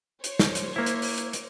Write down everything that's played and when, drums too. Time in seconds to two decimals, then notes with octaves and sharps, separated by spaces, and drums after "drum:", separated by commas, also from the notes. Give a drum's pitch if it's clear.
0.24 C5 C#5, drum: hi-hat
0.39 drum: snare
0.55 drum: hi-hat
0.76 A#3 E4
0.86 drum: hi-hat
1.02 drum: open hi-hat
1.18 drum: hi-hat
1.33 drum: hi-hat